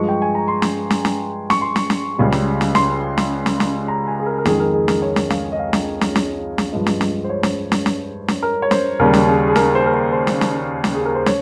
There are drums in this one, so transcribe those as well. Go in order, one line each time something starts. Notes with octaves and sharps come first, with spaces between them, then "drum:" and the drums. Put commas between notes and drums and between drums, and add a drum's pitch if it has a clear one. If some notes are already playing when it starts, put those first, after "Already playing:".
Already playing: G2 F3 G#3 C#6
G5
G#5
A#5
C6
drum: snare
drum: snare
drum: snare
C#6, drum: snare
C6
drum: snare
drum: snare
C#2 C#3 G3
drum: snare
drum: snare
C6, drum: snare
drum: snare
drum: snare
drum: snare
A#5
G#5
G#4
A#4
A#4
F2 D#3 G#3 G#4, drum: snare
A#4
G#4
A#4, drum: snare
C#5
drum: snare
F5, drum: snare
D#5
F5
drum: snare
drum: snare
drum: snare
drum: snare
G2 F3 G#3 D#5
drum: snare
drum: snare
C5
C#5
drum: snare
drum: snare
drum: snare
drum: snare
A#4
C#5
C5, drum: snare
D#2 C#3 G3 A#4
drum: snare
G#4
G#4
A#4, drum: snare
C5
A#4
C5
C5
drum: snare
drum: snare
drum: snare
G#4
A#4
C5
C#5, drum: snare